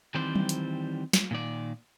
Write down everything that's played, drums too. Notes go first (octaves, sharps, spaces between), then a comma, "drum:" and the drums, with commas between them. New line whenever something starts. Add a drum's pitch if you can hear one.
D#3 E3 G3 C4 C5 D5
drum: tom F#3
drum: hi-hat
drum: snare
A#2 D#3 D5